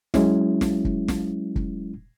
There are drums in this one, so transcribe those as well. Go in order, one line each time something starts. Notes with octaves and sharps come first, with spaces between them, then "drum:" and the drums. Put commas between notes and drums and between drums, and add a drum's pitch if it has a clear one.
F#3 G#3 C#4 E4, drum: snare
drum: snare
drum: kick
drum: snare
drum: kick